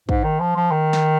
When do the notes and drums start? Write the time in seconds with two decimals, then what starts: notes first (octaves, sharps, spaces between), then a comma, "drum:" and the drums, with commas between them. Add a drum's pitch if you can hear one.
0.09 G#2, drum: kick
0.24 D#3
0.40 F3
0.56 F3
0.71 D#3
0.93 drum: snare